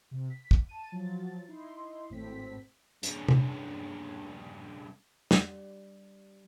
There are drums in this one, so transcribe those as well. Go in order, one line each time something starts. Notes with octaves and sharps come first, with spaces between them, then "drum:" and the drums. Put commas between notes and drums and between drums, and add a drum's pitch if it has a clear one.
C3
B6
drum: kick
A5 D#7
F3 F#3 A6
D#4 E4 C6
G#1 A2 C4 B6
G2 C#3, drum: hi-hat
drum: tom
G3, drum: snare